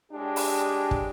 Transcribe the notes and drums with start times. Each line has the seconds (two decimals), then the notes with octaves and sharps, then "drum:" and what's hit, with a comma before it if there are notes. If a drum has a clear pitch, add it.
0.12 A2 G#3 D4 G4
0.36 drum: open hi-hat
0.91 drum: kick